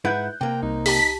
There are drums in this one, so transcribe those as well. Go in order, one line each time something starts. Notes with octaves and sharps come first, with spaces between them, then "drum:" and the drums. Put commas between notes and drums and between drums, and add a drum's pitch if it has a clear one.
G#2 E4 B4 F#5 F#6 G6
C3 A#3 G5
C2 D#4
G4 A5 B6, drum: open hi-hat